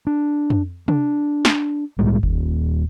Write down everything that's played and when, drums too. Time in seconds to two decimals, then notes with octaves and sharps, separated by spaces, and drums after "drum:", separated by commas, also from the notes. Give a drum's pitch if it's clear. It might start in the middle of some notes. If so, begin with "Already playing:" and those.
0.07 D4
0.50 drum: tom
0.88 D4, drum: tom C3
1.45 drum: snare
1.98 C2 A2 G3 G#3
2.23 D#1, drum: kick F#1